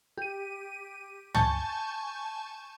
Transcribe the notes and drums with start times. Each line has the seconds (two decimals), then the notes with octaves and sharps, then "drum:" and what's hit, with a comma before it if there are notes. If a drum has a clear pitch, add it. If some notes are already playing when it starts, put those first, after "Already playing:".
0.18 G4 D#7
1.34 G#5 A5 C#6 G6, drum: tom